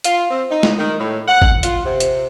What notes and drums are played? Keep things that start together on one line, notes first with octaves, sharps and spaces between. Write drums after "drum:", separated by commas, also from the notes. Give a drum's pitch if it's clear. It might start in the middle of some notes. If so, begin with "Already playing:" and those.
F4, drum: hi-hat
C4
D#4
drum: snare
D#3
A2
F#5
drum: kick
F4, drum: hi-hat
C3
drum: hi-hat